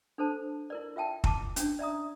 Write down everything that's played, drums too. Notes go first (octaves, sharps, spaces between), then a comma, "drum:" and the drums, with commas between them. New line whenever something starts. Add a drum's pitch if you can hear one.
D4 A4 C5 A5
E4 A#4 D5
F4 E5 G5 A5
E4 A5 D6, drum: kick
C#4 D4, drum: hi-hat
D5 E5 A#5 D#6